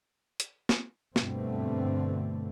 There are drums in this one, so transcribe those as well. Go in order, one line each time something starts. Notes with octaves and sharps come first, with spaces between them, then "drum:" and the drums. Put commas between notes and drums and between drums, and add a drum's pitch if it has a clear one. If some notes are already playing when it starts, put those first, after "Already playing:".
drum: hi-hat
drum: snare
D2 G2 B2 D3 A3 C4, drum: snare